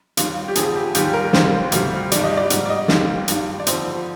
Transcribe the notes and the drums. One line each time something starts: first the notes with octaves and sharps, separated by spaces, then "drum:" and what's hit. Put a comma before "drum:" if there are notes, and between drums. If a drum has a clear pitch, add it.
D#2 D#3 G3 F4, drum: hi-hat
G4
F2 D3 F3 G#4, drum: hi-hat
G4
D#2 D#3 G3 G4, drum: hi-hat
A#4
D#2 D#3 G3 C5, drum: snare
D2 C3 G3, drum: hi-hat
G2 D#3 G3 D5, drum: hi-hat
D#5
D5
G#2 G3, drum: hi-hat
D5
D#5
D#2 D#3 G3 D5, drum: snare
G2 D#3 G3, drum: hi-hat
D5
F2 D3 F3 C5, drum: hi-hat